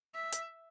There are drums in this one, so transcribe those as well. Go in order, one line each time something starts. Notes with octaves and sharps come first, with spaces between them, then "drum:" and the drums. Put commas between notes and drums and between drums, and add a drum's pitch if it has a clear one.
E5
drum: hi-hat